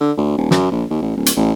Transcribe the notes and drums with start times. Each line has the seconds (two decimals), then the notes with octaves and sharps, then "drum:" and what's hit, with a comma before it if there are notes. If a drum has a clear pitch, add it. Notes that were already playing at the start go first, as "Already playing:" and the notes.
0.01 D3
0.17 D2
0.38 D#1
0.51 F#2, drum: snare
0.72 A#1
0.90 D#2
1.02 A1
1.17 D1
1.26 drum: hi-hat
1.36 A1